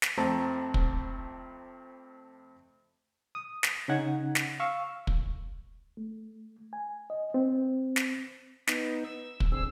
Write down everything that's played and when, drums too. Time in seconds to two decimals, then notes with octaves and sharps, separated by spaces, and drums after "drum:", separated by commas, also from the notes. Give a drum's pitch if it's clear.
0.02 drum: snare
0.17 F2 A3 C4 A5 A#5
0.74 drum: kick
3.35 D#6
3.63 drum: snare
3.88 C#3 C#4 D#4 F#5 G#6
4.35 drum: snare
4.60 F5 C#6 E6
5.07 drum: kick
5.97 A3
6.73 G#5
7.10 D#5
7.34 C4
7.96 drum: snare
8.67 B3 D#4, drum: snare
9.04 E6
9.40 drum: kick
9.52 D3 C4 G#4 E6